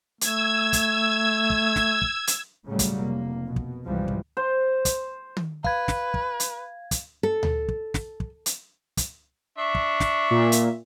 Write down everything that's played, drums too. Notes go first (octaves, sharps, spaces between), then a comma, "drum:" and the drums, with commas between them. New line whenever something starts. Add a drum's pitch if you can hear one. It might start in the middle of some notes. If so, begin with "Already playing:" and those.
A3 E6 G#6, drum: hi-hat
drum: kick, hi-hat
drum: kick
drum: snare
drum: kick
drum: hi-hat
A2 C#3 F#3 G3 A3
drum: kick, hi-hat
F1 A#3
B2
drum: kick
C#2 G#2 C3 E3 F3 G3
drum: kick
C5
drum: kick, hi-hat
drum: tom D#3
B4 F5 G#6, drum: kick
drum: snare
drum: kick
drum: hi-hat
drum: kick, hi-hat
A4
drum: tom D2
drum: kick
drum: snare
drum: kick
drum: hi-hat
drum: kick, hi-hat
D4 E5 C#6
drum: kick
drum: snare
A#2
drum: hi-hat